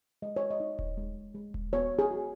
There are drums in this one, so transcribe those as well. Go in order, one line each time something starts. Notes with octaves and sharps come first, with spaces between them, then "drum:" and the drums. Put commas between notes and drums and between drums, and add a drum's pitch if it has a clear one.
G#3 D#5
C#5
D#5
D#4
drum: kick D#1
G#3
G#3
drum: kick D#1
B3 C#5
G#4
F#4